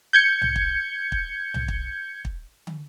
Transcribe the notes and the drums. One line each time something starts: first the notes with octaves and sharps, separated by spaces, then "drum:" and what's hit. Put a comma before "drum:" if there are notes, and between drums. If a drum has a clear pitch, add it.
G6 G#6 C#7
drum: tom C2
drum: kick
drum: kick
drum: tom C2
drum: kick
drum: kick
drum: tom